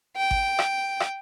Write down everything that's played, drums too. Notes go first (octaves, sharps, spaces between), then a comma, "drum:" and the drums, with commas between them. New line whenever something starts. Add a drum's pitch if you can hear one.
G5
drum: kick G#1
drum: rim click
drum: rim click